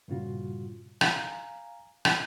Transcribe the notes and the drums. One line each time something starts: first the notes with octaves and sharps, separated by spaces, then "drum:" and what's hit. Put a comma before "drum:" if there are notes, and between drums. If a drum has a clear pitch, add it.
G2 A#2 C#3 G3 F4 F#4
F5 G#5 A#5, drum: rim click
drum: rim click